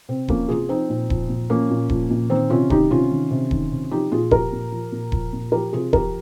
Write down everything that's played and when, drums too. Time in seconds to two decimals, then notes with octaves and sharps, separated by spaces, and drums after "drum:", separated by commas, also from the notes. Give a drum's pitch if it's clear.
0.09 C3 C4
0.28 F3 A#3 C#4, drum: kick D#1
0.49 C3 F4 G#4
0.69 F3 C4 D#4
0.90 A#2
1.10 F3, drum: kick D#1
1.29 A#2
1.50 F3 A#3 C#4
1.71 A#2
1.89 F3, drum: kick D#1
2.10 A#2
2.30 D#3 C4 D#4
2.50 C3 C#4 F4
2.70 D#3 D#4 G4, drum: kick D#1
2.91 C3 C#4 F4
3.11 D#3
3.31 C3
3.51 D#3, drum: kick D#1
3.71 C3
3.91 F3 D#4 G4
4.12 A#2 F4 G#4
4.31 F3 G4 A#4, drum: kick D#1
4.52 A#2
4.72 F3
4.92 A#2
5.12 F3, drum: kick D#1
5.33 A#2
5.52 F3 G4 A#4
5.73 C3 F4 G#4
5.93 F3 G4 A#4, drum: kick D#1